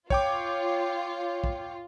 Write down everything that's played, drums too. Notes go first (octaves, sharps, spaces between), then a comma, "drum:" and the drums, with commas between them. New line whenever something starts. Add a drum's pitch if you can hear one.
F4 C#5 G5 D6, drum: kick
drum: kick